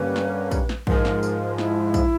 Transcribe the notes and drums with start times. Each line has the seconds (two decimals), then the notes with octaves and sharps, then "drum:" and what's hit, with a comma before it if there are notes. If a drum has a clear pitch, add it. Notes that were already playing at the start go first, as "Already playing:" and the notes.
Already playing: G2 D3 G3 A#3 C#4 B4
0.16 drum: snare
0.51 drum: kick, tambourine
0.69 drum: snare
0.87 G#2 F3 G#3 A#4, drum: kick
1.05 drum: snare
1.23 drum: tambourine
1.58 E4, drum: snare
1.94 drum: kick, tambourine